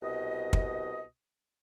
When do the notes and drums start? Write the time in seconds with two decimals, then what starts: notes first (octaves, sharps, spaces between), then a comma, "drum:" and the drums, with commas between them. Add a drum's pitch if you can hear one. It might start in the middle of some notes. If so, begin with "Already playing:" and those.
0.02 C2 B2 D#5
0.53 drum: kick